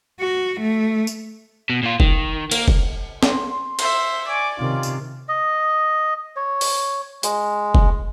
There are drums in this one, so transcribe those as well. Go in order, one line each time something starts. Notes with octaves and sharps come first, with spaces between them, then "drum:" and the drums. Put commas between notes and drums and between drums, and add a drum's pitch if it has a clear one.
F#4
A3
drum: tambourine
B2
A#2 F4
D#3, drum: kick
A#3, drum: cymbal
drum: kick
C6, drum: snare
C5 E5, drum: cymbal
D5 G#5 C#6 D6
C3 D#3 C#4 F4
drum: tambourine
D#5
C#5
drum: open hi-hat
G#3, drum: hi-hat
drum: kick